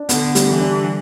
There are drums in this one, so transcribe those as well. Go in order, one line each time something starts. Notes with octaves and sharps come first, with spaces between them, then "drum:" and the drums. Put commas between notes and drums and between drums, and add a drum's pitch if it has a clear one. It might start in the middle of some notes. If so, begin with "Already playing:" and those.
Already playing: D4
D3 B3, drum: hi-hat
G3, drum: hi-hat
D3 E3
D4